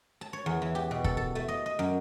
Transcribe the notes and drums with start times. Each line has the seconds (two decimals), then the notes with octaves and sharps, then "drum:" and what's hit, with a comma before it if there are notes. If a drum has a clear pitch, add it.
0.21 A5
0.33 C#5
0.46 E2
0.62 E3
0.75 G4
0.91 B2
1.04 A4, drum: kick
1.17 A4
1.35 A3
1.48 D#5
1.66 D#5
1.79 F#2